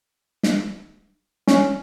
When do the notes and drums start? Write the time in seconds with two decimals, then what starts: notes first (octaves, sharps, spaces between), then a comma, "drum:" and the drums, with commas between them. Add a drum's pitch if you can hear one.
0.43 drum: snare
1.48 C#4, drum: snare